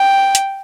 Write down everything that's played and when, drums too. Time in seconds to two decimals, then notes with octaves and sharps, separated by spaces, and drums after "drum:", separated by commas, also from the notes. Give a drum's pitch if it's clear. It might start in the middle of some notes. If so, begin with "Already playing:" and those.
Already playing: G5
0.35 drum: hi-hat